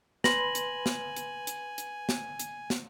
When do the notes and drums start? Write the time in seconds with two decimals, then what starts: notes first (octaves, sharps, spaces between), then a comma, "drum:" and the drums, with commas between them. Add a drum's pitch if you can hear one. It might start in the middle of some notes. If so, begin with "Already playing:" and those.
0.24 B4 G#5 B5 C6 A#6 F#7, drum: snare
0.55 drum: hi-hat
0.86 drum: snare
1.16 drum: hi-hat
1.47 drum: hi-hat
1.78 drum: hi-hat
2.09 drum: snare
2.39 drum: hi-hat
2.70 drum: snare